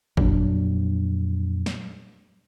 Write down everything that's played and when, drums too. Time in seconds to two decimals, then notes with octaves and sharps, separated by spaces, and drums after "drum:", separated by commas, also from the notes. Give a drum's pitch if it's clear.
0.17 F2 A#2 F#3 D4, drum: kick
1.66 drum: snare